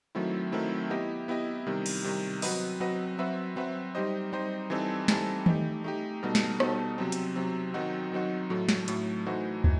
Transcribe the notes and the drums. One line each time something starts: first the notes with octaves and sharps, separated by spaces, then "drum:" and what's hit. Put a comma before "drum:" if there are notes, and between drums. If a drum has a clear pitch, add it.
D#3 F#3 A3 C4 E4
D#3 F#3 A3 C4 E4
B3 E4 G4 D#5
B3 E4 G4 D#5
C3 D#3 G3
drum: cymbal
C3 D#3 G3
F#3 C4 F#4 B4 D#5, drum: open hi-hat
F#3 C4 F#4 B4 D#5
F#3 C4 F#4 B4 E5
F#3 C4 F#4 B4 E5
G3 D#4 G4 C5 D#5
G3 D#4 G4 C5 D#5
E3 G3 C4 D#4 A4
E3 G3 C4 D#4 A4, drum: snare
A3 D#4 G4, drum: tom D#3
A3 D#4 G4
B2 G3 B3 D#4 A4
drum: snare
B2 G3 B3 D#4 A4, drum: rim click
C3 F#3 C4
drum: hi-hat
C3 F#3 C4
D#3 F#3 C4 D#4 F#4
D#3 F#3 C4 D#4 F#4
A2 F#3 A3
drum: snare
A2 F#3 A3, drum: hi-hat
E3 A3 D#4 F#4 C5
E3, drum: kick